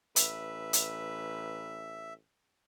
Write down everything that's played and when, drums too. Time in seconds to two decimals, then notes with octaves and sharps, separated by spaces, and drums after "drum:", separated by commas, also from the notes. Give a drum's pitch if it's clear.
0.16 A1 B4 E5, drum: hi-hat
0.73 drum: hi-hat